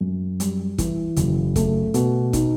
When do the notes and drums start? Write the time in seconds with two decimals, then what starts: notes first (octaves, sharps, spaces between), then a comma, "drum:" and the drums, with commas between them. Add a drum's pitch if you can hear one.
0.01 F#2
0.40 G3, drum: hi-hat
0.78 E3, drum: kick, hi-hat
1.16 F#1, drum: hi-hat
1.56 A3, drum: kick, hi-hat
1.94 B2, drum: hi-hat
2.33 D#4, drum: kick, hi-hat